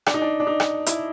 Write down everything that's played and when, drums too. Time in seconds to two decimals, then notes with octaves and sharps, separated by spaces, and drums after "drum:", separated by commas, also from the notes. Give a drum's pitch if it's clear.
0.06 D4, drum: rim click
0.14 D#4
0.21 D4
0.40 D4
0.47 D#4
0.60 drum: rim click
0.86 E4, drum: hi-hat